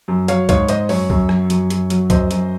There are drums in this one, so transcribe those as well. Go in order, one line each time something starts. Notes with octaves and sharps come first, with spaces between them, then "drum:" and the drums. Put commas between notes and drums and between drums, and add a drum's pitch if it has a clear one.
F#2
F#3 C#5 F5, drum: hi-hat
G#2 C#5 F5, drum: kick C#2, hi-hat
G#2 C5 D#5, drum: hi-hat
F#2 C#5, drum: open hi-hat
F#2, drum: kick C#2
F#3, drum: rim click
F#2, drum: hi-hat
F#2, drum: hi-hat
F#3, drum: hi-hat
F#2 C5 D#5, drum: kick C#2, hi-hat
F#2, drum: hi-hat